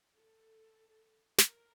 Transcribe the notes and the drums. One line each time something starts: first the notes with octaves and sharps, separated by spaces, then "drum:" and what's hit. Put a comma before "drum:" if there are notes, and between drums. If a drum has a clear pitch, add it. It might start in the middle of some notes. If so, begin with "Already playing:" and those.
A4
A#4, drum: snare